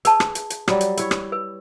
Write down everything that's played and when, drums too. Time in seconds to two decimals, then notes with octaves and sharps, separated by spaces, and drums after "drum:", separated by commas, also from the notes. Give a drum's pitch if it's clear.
0.05 G#4 B4 A5, drum: hi-hat
0.20 drum: rim click
0.35 drum: hi-hat
0.50 drum: hi-hat
0.68 F#3 G3, drum: rim click
0.81 drum: hi-hat
0.97 E4 C#5, drum: hi-hat
1.11 drum: rim click
1.32 B4